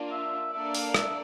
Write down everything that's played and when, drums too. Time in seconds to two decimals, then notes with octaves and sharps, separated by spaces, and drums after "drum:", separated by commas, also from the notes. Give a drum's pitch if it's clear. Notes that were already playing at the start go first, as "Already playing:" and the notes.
Already playing: A#3 D4 F4
0.11 E5
0.53 A#3 D4 A4 D5 E5
0.75 F5, drum: open hi-hat
0.94 E5, drum: rim click